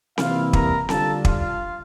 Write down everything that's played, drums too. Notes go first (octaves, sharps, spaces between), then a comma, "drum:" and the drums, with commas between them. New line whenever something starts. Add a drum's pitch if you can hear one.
C3 E3 G3 A#3 E4 F4 F5, drum: snare C4
A#4 A#5, drum: kick
D3 G3 D4 F4 A4 A5, drum: snare C4
F4 F5, drum: kick